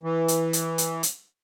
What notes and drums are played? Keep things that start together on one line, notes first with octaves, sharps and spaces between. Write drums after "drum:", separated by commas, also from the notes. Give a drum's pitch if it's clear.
E3
drum: hi-hat
drum: hi-hat
drum: hi-hat
drum: hi-hat